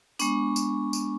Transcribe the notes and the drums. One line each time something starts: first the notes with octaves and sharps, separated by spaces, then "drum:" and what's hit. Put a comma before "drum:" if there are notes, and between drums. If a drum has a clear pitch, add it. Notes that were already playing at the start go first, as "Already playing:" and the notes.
G#3 B3 D4 C#6, drum: tambourine
drum: tambourine
drum: tambourine